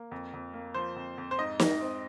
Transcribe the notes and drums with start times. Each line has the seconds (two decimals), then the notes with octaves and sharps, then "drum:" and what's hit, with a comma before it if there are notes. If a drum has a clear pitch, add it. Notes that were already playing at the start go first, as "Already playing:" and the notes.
Already playing: A#3
0.11 F2
0.34 F2
0.54 A#3
0.74 F3 C5
0.96 F2
1.18 F2
1.31 C5
1.39 G#2 D#5
1.60 G#2, drum: snare
1.81 C4